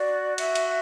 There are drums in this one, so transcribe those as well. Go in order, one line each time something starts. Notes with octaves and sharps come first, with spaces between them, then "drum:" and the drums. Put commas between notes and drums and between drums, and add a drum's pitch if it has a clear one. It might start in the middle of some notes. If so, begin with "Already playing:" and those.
Already playing: F#4 D5
E5, drum: cymbal
drum: cymbal